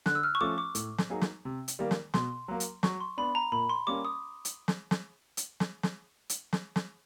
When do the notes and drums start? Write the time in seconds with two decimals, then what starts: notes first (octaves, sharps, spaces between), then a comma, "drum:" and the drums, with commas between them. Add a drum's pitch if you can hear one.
0.06 D3 F#6, drum: snare
0.15 E6
0.23 F6
0.35 C#6
0.41 F3 A3 C#4 D6
0.58 D6
0.75 A2, drum: hi-hat
0.98 drum: snare
1.10 F#3 A#3 D#4 G#4
1.21 drum: snare
1.45 C3
1.68 drum: hi-hat
1.79 D#3 G3 A#3
1.91 drum: snare
2.14 B2 C6, drum: snare
2.48 F#3 A#3
2.60 drum: hi-hat
2.83 F#3 C#6, drum: snare
3.00 C6
3.18 B3 D4 B5
3.35 A#5
3.52 A#2 B5
3.70 C6
3.87 G3 A#3 C#4 D6
4.05 D#6
4.45 drum: hi-hat
4.68 drum: snare
4.91 drum: snare
5.37 drum: hi-hat
5.60 drum: snare
5.83 drum: snare
6.29 drum: hi-hat
6.53 drum: snare
6.76 drum: snare